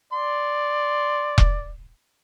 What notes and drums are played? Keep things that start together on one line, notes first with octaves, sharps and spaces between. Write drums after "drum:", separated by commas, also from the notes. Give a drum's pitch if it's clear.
D5 C6
drum: kick E1